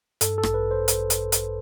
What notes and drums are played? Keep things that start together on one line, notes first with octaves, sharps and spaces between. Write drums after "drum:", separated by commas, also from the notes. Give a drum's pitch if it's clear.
G2 A4, drum: hi-hat
A4
A1, drum: rim click
B4
C5
drum: hi-hat
drum: hi-hat
drum: hi-hat